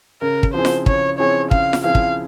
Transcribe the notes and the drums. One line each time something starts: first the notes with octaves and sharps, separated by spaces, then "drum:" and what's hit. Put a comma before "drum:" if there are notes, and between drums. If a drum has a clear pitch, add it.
C#3 A#4
drum: kick
F3 C4 E4 G#4 C5
drum: snare F4
C#3 C#5, drum: kick
F3 C4 E4 G#4 C#5
C#3 F5, drum: kick
drum: snare F4
F3 C4 E4 G#4 F5
drum: kick